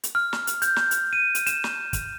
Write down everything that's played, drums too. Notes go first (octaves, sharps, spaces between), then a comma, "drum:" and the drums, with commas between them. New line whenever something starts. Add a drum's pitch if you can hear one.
drum: hi-hat
F6
drum: snare
drum: hi-hat
G6, drum: hi-hat
drum: snare
drum: hi-hat
D#7
drum: hi-hat
E7, drum: hi-hat
drum: snare
drum: kick, hi-hat